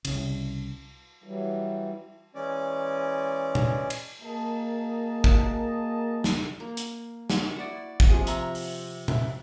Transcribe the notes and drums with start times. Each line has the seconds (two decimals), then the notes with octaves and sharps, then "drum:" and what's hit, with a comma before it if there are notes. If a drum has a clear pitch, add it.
0.05 C2 C#3, drum: cymbal
1.24 E3 F#3 G3
2.35 E3 G#3 C#4 D5
3.55 drum: tom A#2
3.90 drum: cymbal
4.21 A#3 F#4 G#4 A#4 D#5 A5
5.24 drum: kick
6.24 drum: snare
6.60 A#3
6.77 drum: hi-hat
7.30 drum: snare
7.56 E4 F#4 D5
8.00 drum: kick
8.09 C3 F3 G#4
8.27 E5 A#5, drum: hi-hat
8.55 drum: open hi-hat
9.08 E4, drum: tom A#2